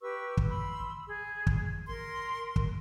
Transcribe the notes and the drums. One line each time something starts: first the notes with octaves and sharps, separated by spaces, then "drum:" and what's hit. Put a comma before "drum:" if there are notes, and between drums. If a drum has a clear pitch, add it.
G4 B4 C#6 E6
drum: kick
B5 C6 E6
G#4
drum: kick
A#4 C6
drum: kick